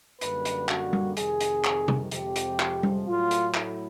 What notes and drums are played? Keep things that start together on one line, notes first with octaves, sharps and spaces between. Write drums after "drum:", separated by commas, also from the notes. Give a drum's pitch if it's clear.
F#2 D3 G3 A#3 B4, drum: hi-hat
drum: hi-hat
F#4, drum: clap
drum: tom G3
F2 C3 D#3 G#4, drum: hi-hat
drum: hi-hat
drum: clap
drum: tom C3
F2 C3 F3 G#3 G4, drum: hi-hat
drum: hi-hat
drum: clap
drum: tom G3
A2 F#3 A3 F4
drum: hi-hat
E4, drum: clap